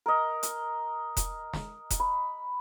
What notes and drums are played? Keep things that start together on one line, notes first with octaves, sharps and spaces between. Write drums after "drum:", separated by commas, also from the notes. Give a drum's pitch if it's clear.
A#4 D#5
drum: hi-hat
drum: kick E1, hi-hat
drum: snare
drum: kick E1, hi-hat
B5